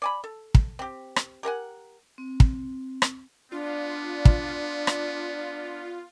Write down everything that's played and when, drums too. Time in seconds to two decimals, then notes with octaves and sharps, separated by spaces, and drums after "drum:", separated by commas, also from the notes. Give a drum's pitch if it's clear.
0.02 D5 G#5 B5
0.24 A4
0.55 drum: kick
0.79 C4 G4
1.16 drum: rim click
1.43 G4 A#4 F#5 G#5
2.18 C4
2.40 drum: kick
3.02 drum: rim click
3.52 B3 D4 F4 D5
4.25 drum: kick
4.87 drum: rim click